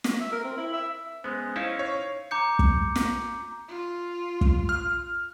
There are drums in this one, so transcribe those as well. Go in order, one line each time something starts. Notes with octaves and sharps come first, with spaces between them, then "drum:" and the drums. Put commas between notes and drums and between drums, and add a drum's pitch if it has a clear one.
drum: snare
E5
A#4
C4
E4
E5
G#3 B3 C#4 C5
C#4 D#4 E4 F5
C#5
A#5 D6 G6 C#7
drum: kick
drum: snare
F4
drum: kick
F6